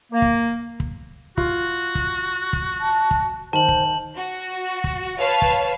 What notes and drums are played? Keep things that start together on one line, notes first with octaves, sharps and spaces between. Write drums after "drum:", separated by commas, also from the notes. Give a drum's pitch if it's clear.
A#3
drum: kick
drum: kick
F4 F#4, drum: kick
drum: kick
drum: kick
A5
drum: kick
D#3 C5 A5 F#7
drum: kick
F#4
drum: kick
B4 C#5 F5 A5
drum: kick